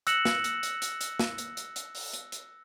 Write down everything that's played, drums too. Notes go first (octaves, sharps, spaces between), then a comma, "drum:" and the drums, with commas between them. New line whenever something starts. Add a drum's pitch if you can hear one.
E6 F#6 A#6 C#7 E7 F#7, drum: hi-hat
drum: snare
drum: hi-hat
drum: hi-hat
drum: hi-hat
drum: hi-hat
drum: snare
drum: hi-hat
drum: hi-hat
drum: hi-hat
drum: open hi-hat
drum: hi-hat
drum: hi-hat